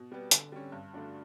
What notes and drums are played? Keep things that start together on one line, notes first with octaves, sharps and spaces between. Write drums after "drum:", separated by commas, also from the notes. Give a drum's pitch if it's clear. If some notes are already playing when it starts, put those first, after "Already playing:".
Already playing: B2
G3 B3
D3, drum: hi-hat
G3 C#4
G2
D3 A3 D4 F#4